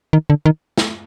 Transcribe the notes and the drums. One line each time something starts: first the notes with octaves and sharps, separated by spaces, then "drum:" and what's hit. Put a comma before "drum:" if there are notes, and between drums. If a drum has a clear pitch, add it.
D#3
D3
D#3
drum: snare